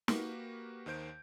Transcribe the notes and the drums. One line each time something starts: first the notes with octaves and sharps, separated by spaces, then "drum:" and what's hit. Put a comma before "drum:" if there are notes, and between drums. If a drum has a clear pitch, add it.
A#3 F#4 G4 A#4 B4, drum: snare
D#2 D#3 C5 G6 D7